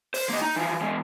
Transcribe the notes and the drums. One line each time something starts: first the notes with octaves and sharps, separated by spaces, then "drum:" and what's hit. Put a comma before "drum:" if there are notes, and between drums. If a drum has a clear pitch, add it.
C5, drum: open hi-hat
A#3 D#5
D#4
E3 F3
E3 G#3